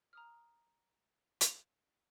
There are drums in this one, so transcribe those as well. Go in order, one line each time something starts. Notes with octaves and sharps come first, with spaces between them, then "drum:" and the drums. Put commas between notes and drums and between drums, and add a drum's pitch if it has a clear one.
A#5 D#6 F6
drum: hi-hat